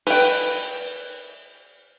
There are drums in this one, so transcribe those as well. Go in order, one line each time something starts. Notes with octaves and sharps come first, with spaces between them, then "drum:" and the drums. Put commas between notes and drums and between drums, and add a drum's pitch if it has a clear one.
B4 G5, drum: open hi-hat